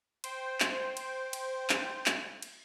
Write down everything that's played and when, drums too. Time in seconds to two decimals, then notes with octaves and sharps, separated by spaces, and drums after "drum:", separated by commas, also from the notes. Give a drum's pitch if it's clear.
0.24 C5 G5, drum: cymbal
0.60 drum: clap
0.97 drum: cymbal
1.33 drum: cymbal
1.70 drum: clap
2.06 drum: clap
2.42 drum: cymbal